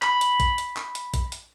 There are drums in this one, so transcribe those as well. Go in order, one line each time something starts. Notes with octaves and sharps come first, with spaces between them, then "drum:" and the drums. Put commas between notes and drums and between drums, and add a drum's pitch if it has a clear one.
B5, drum: clap
drum: hi-hat
drum: kick, hi-hat
drum: hi-hat
drum: clap
drum: hi-hat
drum: kick, hi-hat
drum: hi-hat